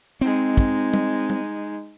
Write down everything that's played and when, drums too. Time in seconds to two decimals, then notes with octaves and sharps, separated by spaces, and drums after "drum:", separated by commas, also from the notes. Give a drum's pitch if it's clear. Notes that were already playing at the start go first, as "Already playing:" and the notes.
0.21 G#3 C4 D#4
0.57 drum: kick
0.94 drum: tom G3
1.30 drum: tom G3